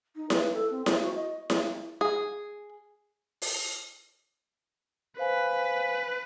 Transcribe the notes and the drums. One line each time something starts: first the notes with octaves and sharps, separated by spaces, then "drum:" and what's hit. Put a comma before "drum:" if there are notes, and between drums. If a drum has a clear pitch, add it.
D#4
B4, drum: snare E4
A4
C4
C5, drum: snare E4
F#4
D#5
drum: snare E4
G#4
drum: open hi-hat
B4 C5 F5 G#5